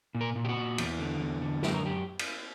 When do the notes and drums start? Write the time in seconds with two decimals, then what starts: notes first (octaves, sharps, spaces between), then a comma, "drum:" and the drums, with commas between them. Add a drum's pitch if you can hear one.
0.15 A#2
0.21 A#4
0.36 A#2
0.45 G4
0.49 F#4
0.56 A#2
0.78 E2, drum: cymbal
0.99 D3
1.20 E2
1.41 D3
1.63 F#2 G4, drum: snare
1.74 A#4
1.83 F#2 G4
2.19 drum: cymbal